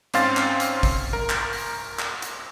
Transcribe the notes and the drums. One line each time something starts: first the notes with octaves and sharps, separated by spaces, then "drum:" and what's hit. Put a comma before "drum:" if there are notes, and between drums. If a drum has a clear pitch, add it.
G#2 C4 C#4 F5 C6 A6, drum: hi-hat
drum: clap
drum: hi-hat
drum: kick, open hi-hat
A#4
drum: clap
drum: open hi-hat
drum: clap
drum: hi-hat